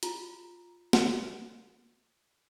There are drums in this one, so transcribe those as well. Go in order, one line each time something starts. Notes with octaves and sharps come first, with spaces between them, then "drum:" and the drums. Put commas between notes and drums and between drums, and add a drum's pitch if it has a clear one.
F4 A#5, drum: hi-hat
drum: snare